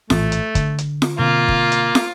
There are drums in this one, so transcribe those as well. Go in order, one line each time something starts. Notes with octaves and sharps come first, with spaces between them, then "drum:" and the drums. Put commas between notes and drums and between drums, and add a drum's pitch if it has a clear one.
A#1 A2 E3 A3, drum: snare
drum: hi-hat
D3, drum: kick, hi-hat
drum: hi-hat
drum: snare
B2 D3 A#3 C4 F4
drum: kick
drum: hi-hat
drum: snare